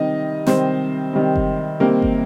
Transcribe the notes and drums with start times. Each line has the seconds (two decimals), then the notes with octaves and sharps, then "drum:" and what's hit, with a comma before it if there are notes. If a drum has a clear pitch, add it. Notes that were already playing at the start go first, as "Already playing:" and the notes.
Already playing: C3 D#3 G3 C4 D#4 D#5
0.46 C3 D#3 G3 C4 C5, drum: snare
1.13 C3 D#3 G3 C4
1.36 drum: kick G1
1.80 C3 D#3 G3 A#3 C4 A#4
2.02 drum: kick G1